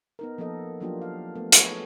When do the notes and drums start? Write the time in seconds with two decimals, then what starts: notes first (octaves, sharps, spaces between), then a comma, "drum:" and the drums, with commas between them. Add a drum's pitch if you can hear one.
0.19 B3 D#4 A#4
0.38 F3 A#3 B3 A4 D#5
0.80 F3 F#3 A#3 D4 F4 G4
1.02 F5
1.35 A3 B3
1.52 F#4 G#4 A4 B4 C#5, drum: hi-hat